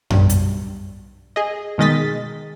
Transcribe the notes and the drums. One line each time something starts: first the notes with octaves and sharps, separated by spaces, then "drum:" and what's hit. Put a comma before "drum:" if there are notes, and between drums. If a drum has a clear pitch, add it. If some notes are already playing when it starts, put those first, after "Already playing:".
B1 G2, drum: tom F#2
drum: hi-hat
G#4 D#5
B2 D#3 G#3 D#5 A6 B6